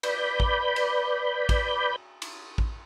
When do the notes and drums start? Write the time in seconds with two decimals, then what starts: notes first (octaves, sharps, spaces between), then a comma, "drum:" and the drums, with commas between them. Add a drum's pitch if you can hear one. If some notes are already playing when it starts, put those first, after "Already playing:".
0.03 B4 D5 B5 G6, drum: cymbal
0.40 drum: kick A1
0.76 drum: cymbal
1.49 drum: kick A1, cymbal
2.22 drum: cymbal
2.58 drum: kick A1